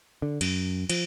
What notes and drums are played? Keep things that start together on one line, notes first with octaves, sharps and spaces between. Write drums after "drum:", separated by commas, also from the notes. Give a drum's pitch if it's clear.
D3
F#2, drum: cymbal
F3, drum: cymbal